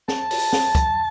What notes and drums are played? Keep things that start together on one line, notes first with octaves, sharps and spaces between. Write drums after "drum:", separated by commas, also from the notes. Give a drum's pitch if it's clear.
A5, drum: snare
drum: open hi-hat
drum: snare
drum: kick, hi-hat